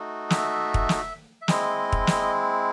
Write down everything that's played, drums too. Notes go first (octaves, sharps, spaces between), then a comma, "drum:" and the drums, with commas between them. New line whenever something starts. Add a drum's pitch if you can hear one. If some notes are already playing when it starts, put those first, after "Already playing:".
Already playing: A3 D#4 F#4
E5, drum: snare
drum: kick
drum: snare
E5
G#3 C4 E4 D#5, drum: snare
drum: kick
drum: snare